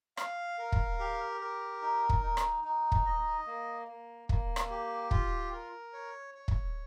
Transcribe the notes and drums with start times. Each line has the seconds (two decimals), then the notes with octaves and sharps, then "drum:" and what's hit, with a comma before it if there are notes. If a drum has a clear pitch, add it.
0.17 F5, drum: rim click
0.58 A#4
0.72 drum: kick
0.99 G4
1.41 A#4
1.82 D#4
2.09 drum: kick
2.23 D#4
2.37 drum: rim click
2.64 D#4
2.92 drum: kick
3.06 D#5
3.47 A#3
3.88 A#3
4.29 A#3, drum: kick
4.56 drum: rim click
4.70 G4
5.11 F4, drum: kick
5.53 A#4
5.93 C#5
6.34 C#5
6.48 drum: kick